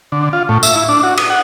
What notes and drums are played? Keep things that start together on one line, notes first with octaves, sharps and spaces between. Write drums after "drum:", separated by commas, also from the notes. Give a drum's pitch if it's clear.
D3
F4
A2
E5, drum: tambourine
E4
D4
F#4
D#6, drum: cymbal
F#5